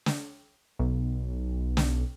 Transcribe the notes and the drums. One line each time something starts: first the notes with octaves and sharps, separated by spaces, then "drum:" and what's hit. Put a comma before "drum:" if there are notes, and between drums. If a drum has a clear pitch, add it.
drum: snare
B1
drum: snare